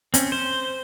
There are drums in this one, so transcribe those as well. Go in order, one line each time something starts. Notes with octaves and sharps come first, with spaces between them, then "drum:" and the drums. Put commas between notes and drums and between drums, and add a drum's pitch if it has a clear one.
C4 C#4, drum: hi-hat
C5